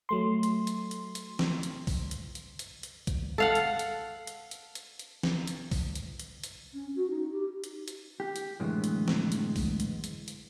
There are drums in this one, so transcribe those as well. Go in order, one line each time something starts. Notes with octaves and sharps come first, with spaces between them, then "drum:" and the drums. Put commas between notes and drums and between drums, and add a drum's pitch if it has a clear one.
F#3 A3 C6
drum: hi-hat
drum: hi-hat
drum: hi-hat
drum: hi-hat
drum: snare
drum: hi-hat
drum: kick B1, open hi-hat
drum: hi-hat
drum: hi-hat
drum: hi-hat
drum: hi-hat
drum: kick B1, hi-hat
A4 F5 F#5
drum: hi-hat
drum: hi-hat
drum: hi-hat
drum: hi-hat
drum: hi-hat
drum: hi-hat
drum: snare
drum: hi-hat
drum: kick B1, open hi-hat
drum: hi-hat
drum: hi-hat
drum: hi-hat
C#4
F#4
D#4
G4
drum: hi-hat
drum: hi-hat
G4
drum: hi-hat
F#2 A2 D3 E3 G#3 B3
drum: hi-hat
drum: snare
drum: hi-hat
drum: kick B1, open hi-hat
drum: hi-hat
drum: hi-hat
drum: hi-hat